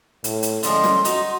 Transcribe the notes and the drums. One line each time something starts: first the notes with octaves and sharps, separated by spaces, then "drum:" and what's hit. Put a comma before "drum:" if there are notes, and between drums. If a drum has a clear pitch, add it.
A2, drum: hi-hat
drum: hi-hat
D3 F3 G#3 C#4 C6, drum: hi-hat
drum: snare
D#4 F#4, drum: hi-hat